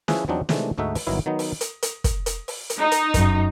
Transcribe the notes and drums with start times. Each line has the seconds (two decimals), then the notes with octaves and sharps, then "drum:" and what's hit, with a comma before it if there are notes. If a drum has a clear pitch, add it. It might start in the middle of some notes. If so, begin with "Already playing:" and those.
0.08 F3 C#4 E4 G#4 B4, drum: snare
0.28 E2 F3 F#3 C4 D4 D#4
0.49 C3 D#3 E3 G#3 A3 D4, drum: snare
0.78 D2 G#2 A3 D#4 F#4 E5
0.95 drum: open hi-hat
1.07 G1 D#3 F#3 B3 E4 A#4
1.26 D#3 F#3 B3 D#4
1.39 drum: open hi-hat
1.61 drum: hi-hat
1.82 drum: hi-hat
2.04 drum: kick, hi-hat
2.26 drum: hi-hat
2.48 drum: open hi-hat
2.70 drum: hi-hat
2.79 D#4
2.92 drum: hi-hat
3.14 F#2, drum: kick, hi-hat